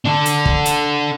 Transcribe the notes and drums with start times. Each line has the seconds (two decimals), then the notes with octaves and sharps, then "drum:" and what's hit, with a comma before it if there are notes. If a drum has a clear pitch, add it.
0.06 D4 A4
0.26 drum: hi-hat
0.46 drum: kick
0.66 drum: hi-hat